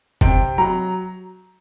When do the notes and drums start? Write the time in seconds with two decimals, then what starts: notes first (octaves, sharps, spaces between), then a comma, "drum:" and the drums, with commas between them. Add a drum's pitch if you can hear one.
0.21 C3 G5, drum: kick
0.58 F#3 A#5